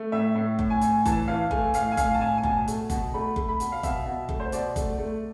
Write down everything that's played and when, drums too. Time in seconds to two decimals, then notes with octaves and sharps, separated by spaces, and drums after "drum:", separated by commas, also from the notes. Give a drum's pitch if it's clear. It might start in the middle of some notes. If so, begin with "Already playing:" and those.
Already playing: A3
0.12 A2 E5
0.35 A2
0.59 A2, drum: kick F#1
0.70 G#5
0.81 A2, drum: hi-hat
1.06 E3 A5, drum: kick F#1, hi-hat
1.27 E3 F5
1.51 A3 G#5, drum: kick F#1
1.74 A2 F5, drum: hi-hat
1.92 G#5
1.97 A2 F5, drum: kick F#1, hi-hat
2.14 A5
2.21 A2 G#5
2.38 G#5
2.44 B2 A5, drum: kick F#1
2.68 A3, drum: hi-hat
2.90 B2, drum: kick F#1, hi-hat
3.14 A3 B5
3.36 A3, drum: kick F#1
3.48 B5
3.60 B2, drum: hi-hat
3.72 F5
3.83 B2 E5, drum: kick F#1, hi-hat
4.06 B2
4.29 A3, drum: kick F#1
4.40 C5
4.52 B2 D5, drum: hi-hat
4.76 A3, drum: kick F#1, hi-hat
4.99 A3